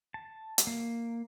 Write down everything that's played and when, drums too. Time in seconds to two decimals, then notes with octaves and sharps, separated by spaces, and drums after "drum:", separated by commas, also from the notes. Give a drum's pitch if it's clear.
0.14 A5
0.58 drum: hi-hat
0.67 A#3